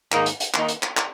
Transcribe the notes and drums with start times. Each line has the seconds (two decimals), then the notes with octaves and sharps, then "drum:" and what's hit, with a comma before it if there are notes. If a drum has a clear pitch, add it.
0.12 G#2 D#3 A#3 D#4, drum: clap
0.26 drum: hi-hat
0.40 drum: hi-hat
0.54 D#3 A#3 D#4, drum: clap
0.69 drum: hi-hat
0.83 drum: clap
0.97 drum: clap